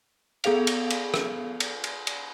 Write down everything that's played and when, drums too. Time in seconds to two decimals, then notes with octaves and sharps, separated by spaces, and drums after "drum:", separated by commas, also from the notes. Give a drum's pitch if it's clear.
0.44 B3 G#4 A4 F5 F7, drum: cymbal
0.67 drum: cymbal
0.90 drum: cymbal
1.14 drum: rim click
1.60 drum: cymbal
1.84 drum: cymbal
2.07 drum: cymbal